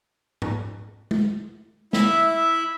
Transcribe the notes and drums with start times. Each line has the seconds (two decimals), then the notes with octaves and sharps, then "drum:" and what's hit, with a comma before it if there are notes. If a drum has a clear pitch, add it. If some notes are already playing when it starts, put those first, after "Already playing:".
0.42 drum: tom G#2
1.11 drum: tom
1.93 E4 E5, drum: snare